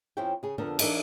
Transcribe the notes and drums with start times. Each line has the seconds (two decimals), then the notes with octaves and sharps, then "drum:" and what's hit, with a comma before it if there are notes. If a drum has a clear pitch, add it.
0.17 F2 C4 C#4 E4 G5
0.43 C#3 G#4
0.58 F2 D3 B3 D4 A4 A#4
0.79 E3 D4 A#4 D#5 E5, drum: cymbal